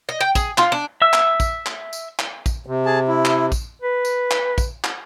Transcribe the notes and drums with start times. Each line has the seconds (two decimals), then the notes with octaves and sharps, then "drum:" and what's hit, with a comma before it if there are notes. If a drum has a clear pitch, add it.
0.09 D#5
0.21 G5
0.35 G#4, drum: kick, tambourine
0.58 F4, drum: clap
0.72 D4
1.02 E5 E6
1.13 drum: clap
1.40 drum: kick, tambourine
1.66 drum: clap
1.93 drum: tambourine
2.19 drum: clap
2.46 drum: kick, tambourine
2.66 C3
2.85 G#4 A5
3.08 E4
3.25 drum: clap
3.52 drum: kick, tambourine
3.82 B4
4.05 drum: tambourine
4.31 drum: clap
4.58 drum: kick, tambourine
4.84 drum: clap